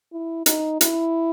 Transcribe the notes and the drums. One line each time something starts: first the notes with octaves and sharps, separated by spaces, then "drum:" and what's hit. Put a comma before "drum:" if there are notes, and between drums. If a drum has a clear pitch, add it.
E4
D#4, drum: hi-hat
E4, drum: hi-hat